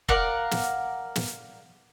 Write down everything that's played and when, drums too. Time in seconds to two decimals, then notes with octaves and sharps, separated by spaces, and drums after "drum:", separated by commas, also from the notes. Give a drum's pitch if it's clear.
0.09 A#4 D5 F5 F#5, drum: kick
0.51 drum: snare
1.16 drum: snare